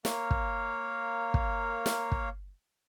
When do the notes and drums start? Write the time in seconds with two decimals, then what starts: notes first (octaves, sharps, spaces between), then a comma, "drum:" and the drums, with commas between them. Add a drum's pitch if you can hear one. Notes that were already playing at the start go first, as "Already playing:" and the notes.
0.05 A#3 A#4 C#5 F5, drum: snare
0.31 drum: kick
1.34 drum: kick
1.86 drum: snare
2.12 drum: kick